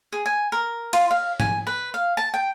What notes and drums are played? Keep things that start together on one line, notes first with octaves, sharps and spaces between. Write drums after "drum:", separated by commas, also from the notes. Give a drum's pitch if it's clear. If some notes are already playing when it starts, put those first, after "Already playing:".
G#4
G#5
A#4
F4, drum: cymbal
F5
G#5, drum: tom G#2
B4
F5
A5
G5